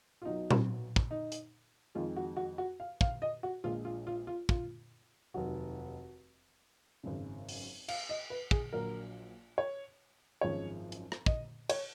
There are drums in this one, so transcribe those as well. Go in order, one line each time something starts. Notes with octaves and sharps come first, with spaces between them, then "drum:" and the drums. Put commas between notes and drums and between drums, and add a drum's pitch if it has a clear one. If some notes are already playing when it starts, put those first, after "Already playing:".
F4
B1 B2 F#3 D#4
drum: tom A#2
drum: kick
D#4
drum: hi-hat
F2 D#3 G#3 F4
F#4
F#4
F#4
F5
F5, drum: kick
D#5
F#4
A#1 A#2 G#3 F4
F4
F4
F4
F4, drum: kick
F1 D#2 D#3 F#3 F#4
G#1 F#2 C#3
drum: open hi-hat
F5, drum: cymbal
D#5
B4
G#4, drum: kick
A#1 A#2 F#3 A#4
C#5
G#1 F#2 F3 G#3 C#5
drum: hi-hat
drum: rim click
D#5, drum: kick
C#5, drum: cymbal